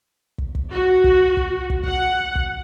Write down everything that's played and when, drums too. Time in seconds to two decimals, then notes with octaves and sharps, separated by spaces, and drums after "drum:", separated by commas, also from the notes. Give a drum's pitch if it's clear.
0.38 drum: kick
0.55 drum: kick
0.71 F#4
1.04 drum: kick
1.37 drum: kick
1.70 drum: kick
1.84 F#5, drum: kick
2.36 drum: kick